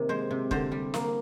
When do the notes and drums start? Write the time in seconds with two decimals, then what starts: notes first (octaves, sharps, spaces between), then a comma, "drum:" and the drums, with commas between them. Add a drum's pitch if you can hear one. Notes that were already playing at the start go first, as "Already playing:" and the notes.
Already playing: C3 D#3 A#3
0.09 G#3 C5
0.31 C3
0.51 D3 C5, drum: kick
0.72 G3
0.94 A#3, drum: snare